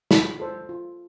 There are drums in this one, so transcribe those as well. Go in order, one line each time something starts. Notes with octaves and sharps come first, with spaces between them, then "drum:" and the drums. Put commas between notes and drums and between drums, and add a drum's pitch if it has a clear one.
F4 B5, drum: snare
A4 C5
F4